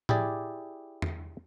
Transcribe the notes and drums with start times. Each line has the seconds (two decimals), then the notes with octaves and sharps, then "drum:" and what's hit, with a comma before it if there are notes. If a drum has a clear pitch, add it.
0.09 E4 G4 G#4 D5, drum: tom A2
1.02 drum: tom E2